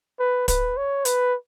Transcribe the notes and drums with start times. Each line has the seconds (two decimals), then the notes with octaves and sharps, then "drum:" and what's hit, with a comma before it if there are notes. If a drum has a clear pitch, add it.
0.19 B4
0.48 B4, drum: kick, hi-hat
0.77 C#5
1.05 B4, drum: hi-hat